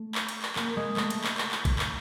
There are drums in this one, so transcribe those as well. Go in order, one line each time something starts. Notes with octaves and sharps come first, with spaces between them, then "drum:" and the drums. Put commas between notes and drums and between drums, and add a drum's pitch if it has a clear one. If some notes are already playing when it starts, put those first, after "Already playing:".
Already playing: A3
drum: clap
drum: cymbal
drum: clap
A#3, drum: clap
G#3
A3, drum: clap
drum: cymbal
drum: clap
drum: clap
drum: clap
drum: kick A#1, cymbal
drum: clap